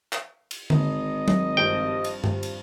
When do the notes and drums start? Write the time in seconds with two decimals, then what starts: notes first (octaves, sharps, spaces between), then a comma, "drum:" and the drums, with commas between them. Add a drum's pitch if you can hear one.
0.13 drum: clap
0.51 drum: cymbal
0.70 G#1 D#5, drum: tom D3
1.28 drum: tom F#3
1.57 G2 F3 C4 G5
2.04 drum: cymbal
2.24 drum: tom G2
2.43 drum: cymbal